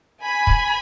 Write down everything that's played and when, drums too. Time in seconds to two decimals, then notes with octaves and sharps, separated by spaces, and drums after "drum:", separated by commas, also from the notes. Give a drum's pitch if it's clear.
0.23 G#5 B5
0.47 drum: kick